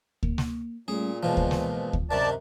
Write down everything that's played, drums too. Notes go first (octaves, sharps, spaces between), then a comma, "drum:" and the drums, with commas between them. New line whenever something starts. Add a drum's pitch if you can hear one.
A#3, drum: kick D2
drum: snare
A#2 G3 A3 C#4 G#4
G#2 B2 E3 F3 G#3 F4
drum: kick D2
drum: snare
drum: kick D2
F#2 C3 D#3 D5 A5